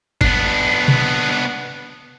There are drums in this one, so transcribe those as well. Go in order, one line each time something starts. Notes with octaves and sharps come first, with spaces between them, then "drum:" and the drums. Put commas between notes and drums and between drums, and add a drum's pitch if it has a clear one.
B3 D4, drum: kick G1
drum: tom B2